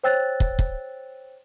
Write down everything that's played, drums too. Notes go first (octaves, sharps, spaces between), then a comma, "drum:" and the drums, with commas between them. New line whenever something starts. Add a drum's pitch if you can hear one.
C5 C#5 G5 E6 F#6 A6
drum: kick
drum: kick